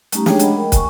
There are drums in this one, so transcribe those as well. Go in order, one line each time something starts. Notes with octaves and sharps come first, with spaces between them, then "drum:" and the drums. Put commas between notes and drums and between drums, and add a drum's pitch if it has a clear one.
G3 A3 C#4 D#4 G4 A#5, drum: hi-hat
G#3 D4 G#4 C#5 G5, drum: snare
D#5 F#5 B5, drum: hi-hat
A#4 G5
G#5 C#6, drum: kick, hi-hat